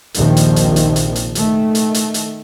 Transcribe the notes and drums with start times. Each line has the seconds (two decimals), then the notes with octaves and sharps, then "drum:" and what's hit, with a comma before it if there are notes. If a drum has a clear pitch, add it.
0.14 A#1 D#2 C3 D#3 F3, drum: hi-hat
0.37 drum: hi-hat
0.56 drum: hi-hat
0.76 drum: hi-hat
0.96 drum: hi-hat
1.15 drum: hi-hat
1.35 D#3 A3, drum: hi-hat
1.75 drum: hi-hat
1.94 drum: hi-hat
2.14 drum: hi-hat